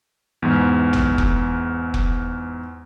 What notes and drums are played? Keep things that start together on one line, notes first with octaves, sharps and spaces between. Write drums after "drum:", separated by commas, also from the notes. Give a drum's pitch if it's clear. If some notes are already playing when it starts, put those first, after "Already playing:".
E2 G#2
drum: tom A1
drum: kick F1
drum: kick F1